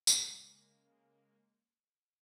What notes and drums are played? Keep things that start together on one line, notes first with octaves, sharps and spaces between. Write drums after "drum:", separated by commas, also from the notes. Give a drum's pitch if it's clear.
C#3 G#3 A#3, drum: tambourine